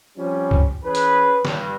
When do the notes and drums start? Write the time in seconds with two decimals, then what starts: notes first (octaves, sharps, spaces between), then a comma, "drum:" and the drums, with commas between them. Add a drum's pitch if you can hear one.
0.17 F3 G3 C4 C#4
0.51 drum: kick
0.84 E3 C#4 G#4 B4
0.95 drum: hi-hat
1.45 G2, drum: snare